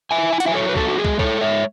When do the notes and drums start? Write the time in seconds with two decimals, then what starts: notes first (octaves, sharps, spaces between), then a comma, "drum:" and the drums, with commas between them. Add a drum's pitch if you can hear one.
0.11 E5 G#5
0.18 E4
0.33 G#5
0.40 F#5, drum: hi-hat
0.46 F#3 E5 G#5
0.54 A4 C#5
0.69 B4
0.76 B3 F#4 A4, drum: kick
0.88 F#4
0.98 G#4
1.05 G#3, drum: kick
1.19 A4 C#5, drum: kick
1.34 G#3
1.41 C#5 E5